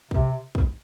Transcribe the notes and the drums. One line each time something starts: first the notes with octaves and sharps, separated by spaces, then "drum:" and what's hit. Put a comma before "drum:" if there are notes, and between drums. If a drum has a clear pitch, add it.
C3, drum: kick
drum: kick